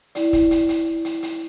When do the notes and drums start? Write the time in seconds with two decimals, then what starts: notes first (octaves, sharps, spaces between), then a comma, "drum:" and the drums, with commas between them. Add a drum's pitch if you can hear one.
0.15 E4 D5, drum: hi-hat
0.33 drum: kick, hi-hat
0.51 drum: hi-hat
0.69 drum: hi-hat
1.05 drum: hi-hat
1.23 drum: hi-hat